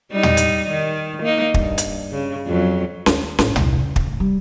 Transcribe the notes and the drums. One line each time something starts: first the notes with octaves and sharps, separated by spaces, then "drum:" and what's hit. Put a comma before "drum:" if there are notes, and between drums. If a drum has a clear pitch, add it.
G3 D#4
drum: tom
drum: hi-hat
D#3
A#3 D#4
G2, drum: kick
drum: hi-hat
C#3
F2 F#3
D#2, drum: snare C#4
A1, drum: snare C#4
C2, drum: tom
C#3
drum: kick
A2
G3